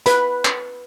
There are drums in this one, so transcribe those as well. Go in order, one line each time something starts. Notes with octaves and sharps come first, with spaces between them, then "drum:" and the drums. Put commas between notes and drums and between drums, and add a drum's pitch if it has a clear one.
B4 B5, drum: hi-hat
drum: clap